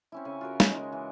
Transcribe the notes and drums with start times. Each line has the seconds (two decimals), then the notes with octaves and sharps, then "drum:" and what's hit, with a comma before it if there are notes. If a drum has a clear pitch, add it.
0.12 C4 C#4 E4
0.25 C#3 G#5
0.41 F4 F#4 A#4
0.60 C#3 D#4, drum: snare
0.73 G#3 A#4
0.92 E3